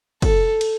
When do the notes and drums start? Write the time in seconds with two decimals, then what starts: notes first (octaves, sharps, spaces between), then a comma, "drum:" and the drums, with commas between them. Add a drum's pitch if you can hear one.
0.22 A4, drum: kick, cymbal
0.61 drum: cymbal